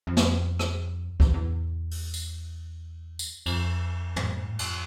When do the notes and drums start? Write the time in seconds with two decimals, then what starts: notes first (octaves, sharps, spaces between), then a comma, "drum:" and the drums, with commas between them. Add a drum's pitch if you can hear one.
0.07 F2
0.17 drum: snare
0.59 drum: rim click
1.20 E2, drum: kick
1.34 E2
1.91 drum: open hi-hat
2.14 drum: tambourine
3.19 drum: tambourine
3.46 F2, drum: cymbal
4.16 drum: tom
4.44 A2
4.52 G#2
4.59 F2, drum: cymbal